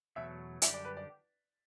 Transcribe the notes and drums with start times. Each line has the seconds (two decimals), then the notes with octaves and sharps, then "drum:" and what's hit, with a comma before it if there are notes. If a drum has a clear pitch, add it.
0.16 E2 B2 F#3 A3 E5
0.62 F#2 D3 G3 D4 G4 E5, drum: hi-hat
0.74 D5
0.85 B4
0.97 D5